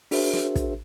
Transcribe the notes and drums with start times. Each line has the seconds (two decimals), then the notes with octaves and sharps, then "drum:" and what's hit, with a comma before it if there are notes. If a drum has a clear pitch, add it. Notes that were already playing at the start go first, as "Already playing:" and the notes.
0.11 D4 F#4 G#4 A#4 C5 E5, drum: open hi-hat
0.33 drum: snare
0.56 drum: kick, hi-hat